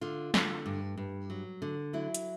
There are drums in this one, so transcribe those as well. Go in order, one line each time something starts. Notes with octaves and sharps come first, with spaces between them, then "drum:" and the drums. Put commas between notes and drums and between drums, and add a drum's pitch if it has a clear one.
D3 F4
D3, drum: snare
G2
G2
F#3
D3
F#3 E4
drum: hi-hat